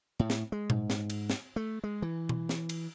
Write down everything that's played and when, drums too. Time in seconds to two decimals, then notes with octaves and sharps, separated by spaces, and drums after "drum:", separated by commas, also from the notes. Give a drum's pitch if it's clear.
0.19 A2
0.30 drum: snare
0.52 G#3
0.70 G#2, drum: tom A#2
0.90 drum: snare
1.10 drum: cymbal
1.30 drum: snare
1.56 A3
1.84 G#3
2.02 E3
2.29 drum: tom B2
2.49 drum: snare
2.69 drum: cymbal